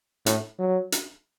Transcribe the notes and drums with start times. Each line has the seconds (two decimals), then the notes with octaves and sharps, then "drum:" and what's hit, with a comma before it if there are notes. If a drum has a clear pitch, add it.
0.26 A2, drum: hi-hat
0.59 F#3
0.92 drum: hi-hat